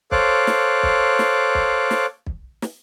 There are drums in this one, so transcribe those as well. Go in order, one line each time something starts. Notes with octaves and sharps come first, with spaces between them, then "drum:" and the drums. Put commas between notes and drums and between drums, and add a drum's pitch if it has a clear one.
A4 C5 C#5 F5 D6 F#6, drum: kick
drum: snare
drum: kick
drum: snare
drum: kick
drum: snare
drum: kick
drum: snare